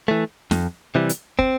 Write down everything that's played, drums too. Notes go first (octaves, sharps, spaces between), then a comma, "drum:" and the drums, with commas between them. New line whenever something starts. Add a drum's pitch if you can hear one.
E3 A3
F2, drum: snare
C3 E3 G3
drum: hi-hat
C4, drum: kick